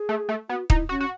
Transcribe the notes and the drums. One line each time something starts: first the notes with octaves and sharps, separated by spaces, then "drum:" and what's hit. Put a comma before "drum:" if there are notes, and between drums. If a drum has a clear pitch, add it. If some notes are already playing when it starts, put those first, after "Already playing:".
Already playing: G#4
A3
A3
B3 F#4
D#4 E4, drum: kick
C#4 F#4
F#4